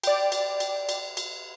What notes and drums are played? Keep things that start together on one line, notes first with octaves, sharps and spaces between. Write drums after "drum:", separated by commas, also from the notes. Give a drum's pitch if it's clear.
D5 G5, drum: cymbal
drum: cymbal
drum: cymbal
drum: cymbal
drum: cymbal